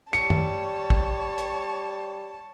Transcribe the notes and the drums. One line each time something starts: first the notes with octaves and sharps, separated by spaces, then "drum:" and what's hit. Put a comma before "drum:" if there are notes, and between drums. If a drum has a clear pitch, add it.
G3 C#5 A5 C#7, drum: hi-hat
drum: tom F#2
drum: kick
drum: hi-hat